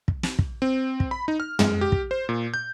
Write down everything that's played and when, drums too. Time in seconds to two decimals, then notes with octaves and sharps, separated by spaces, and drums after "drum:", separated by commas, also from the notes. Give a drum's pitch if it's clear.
0.08 drum: kick
0.23 drum: snare
0.39 drum: kick
0.62 C4
1.00 drum: kick
1.11 B5
1.28 D#4
1.40 F6
1.59 G#3, drum: tom
1.81 G4
1.92 drum: kick
2.11 C5
2.29 A#2
2.54 G6